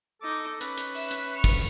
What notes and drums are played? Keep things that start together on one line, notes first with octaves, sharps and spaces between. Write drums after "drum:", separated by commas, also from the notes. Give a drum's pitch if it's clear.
D#4 A4 D6
C#4 B4, drum: hi-hat
drum: hi-hat
E5, drum: open hi-hat
drum: hi-hat
C#6 F6
drum: kick, open hi-hat